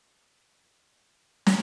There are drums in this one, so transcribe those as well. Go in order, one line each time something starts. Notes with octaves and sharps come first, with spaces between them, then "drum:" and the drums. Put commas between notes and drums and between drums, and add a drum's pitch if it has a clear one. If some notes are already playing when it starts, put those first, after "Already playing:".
F4
B1
drum: snare